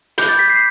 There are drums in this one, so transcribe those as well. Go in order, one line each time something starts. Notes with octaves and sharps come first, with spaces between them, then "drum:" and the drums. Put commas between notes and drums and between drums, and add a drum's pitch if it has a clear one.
B5 D6 F#6 G6, drum: hi-hat
A6
B6
C7